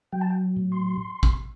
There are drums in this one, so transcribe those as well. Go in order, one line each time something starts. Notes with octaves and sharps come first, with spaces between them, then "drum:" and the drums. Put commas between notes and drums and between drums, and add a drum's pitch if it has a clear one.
F#3 G5
A5
G5
A2
C6
drum: kick